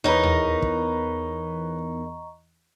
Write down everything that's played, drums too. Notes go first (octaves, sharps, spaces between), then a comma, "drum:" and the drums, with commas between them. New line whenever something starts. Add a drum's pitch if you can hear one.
E2 D#4 A#4 B4 C#5 D#5 A#5 C#6
drum: tom D#2
drum: kick